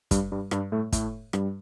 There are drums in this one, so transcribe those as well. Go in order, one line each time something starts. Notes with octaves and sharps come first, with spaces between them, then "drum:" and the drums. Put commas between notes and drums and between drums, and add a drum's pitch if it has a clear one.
G2 G3, drum: kick, hi-hat
G2 G3
G2 G3, drum: rim click
A2 A3
A2 A3, drum: kick, hi-hat
G2 G3, drum: rim click